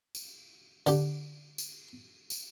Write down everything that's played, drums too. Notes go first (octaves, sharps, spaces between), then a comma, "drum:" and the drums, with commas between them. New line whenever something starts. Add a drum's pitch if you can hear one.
drum: tambourine
D3 G4, drum: tambourine
drum: tambourine
drum: tambourine